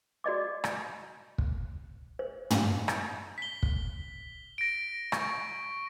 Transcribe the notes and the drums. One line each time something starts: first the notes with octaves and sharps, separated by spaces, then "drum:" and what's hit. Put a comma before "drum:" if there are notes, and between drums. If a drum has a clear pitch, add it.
F#4 D5 D#5 D6
drum: rim click
drum: kick
C5
drum: tom
drum: rim click
B6 G7
drum: kick
A#6 D7
C#6, drum: rim click